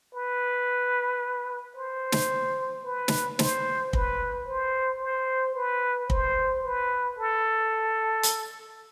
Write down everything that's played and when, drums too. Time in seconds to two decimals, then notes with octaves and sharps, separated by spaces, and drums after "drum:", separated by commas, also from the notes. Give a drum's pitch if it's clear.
0.14 B4
1.76 C5
2.12 drum: snare
2.85 B4
3.08 drum: snare
3.39 C5, drum: snare
3.93 B4, drum: kick
4.47 C5
5.02 C5
5.55 B4
6.10 C5, drum: kick
6.64 B4
7.19 A4
8.23 drum: hi-hat